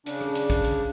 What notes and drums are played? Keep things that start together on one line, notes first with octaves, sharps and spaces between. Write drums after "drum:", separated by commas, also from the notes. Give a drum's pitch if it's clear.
C#3 D4, drum: hi-hat
drum: rim click
drum: hi-hat
drum: kick A#1, hi-hat
drum: hi-hat